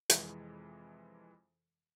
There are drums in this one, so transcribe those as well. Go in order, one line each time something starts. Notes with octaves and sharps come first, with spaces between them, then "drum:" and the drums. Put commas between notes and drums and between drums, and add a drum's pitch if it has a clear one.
F2 C3 E3 G#3, drum: hi-hat